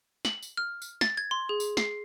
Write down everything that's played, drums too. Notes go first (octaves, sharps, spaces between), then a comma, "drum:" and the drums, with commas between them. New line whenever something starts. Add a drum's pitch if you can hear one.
F#7, drum: snare
drum: tambourine
F6
drum: tambourine
A6, drum: snare
G#6
C6
G#4
drum: tambourine
C7, drum: snare